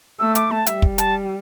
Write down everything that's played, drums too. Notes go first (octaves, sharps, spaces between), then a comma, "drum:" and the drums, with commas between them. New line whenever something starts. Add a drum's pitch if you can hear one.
A3 E6
D6, drum: hi-hat
A5
G3 E5, drum: hi-hat
drum: kick
A5, drum: hi-hat